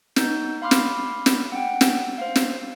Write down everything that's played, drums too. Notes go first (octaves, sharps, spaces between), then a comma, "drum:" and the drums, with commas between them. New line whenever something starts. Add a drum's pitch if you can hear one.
B3 D#4 G6, drum: snare
F5 B5 C6 D6 F6
drum: snare
drum: snare
F#5 G5
drum: snare
C5 F5
drum: snare